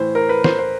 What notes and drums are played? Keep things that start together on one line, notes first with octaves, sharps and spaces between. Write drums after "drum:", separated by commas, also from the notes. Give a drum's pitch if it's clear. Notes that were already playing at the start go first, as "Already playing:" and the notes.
Already playing: A2 E3 C5
A#4
B4
C5, drum: snare
C5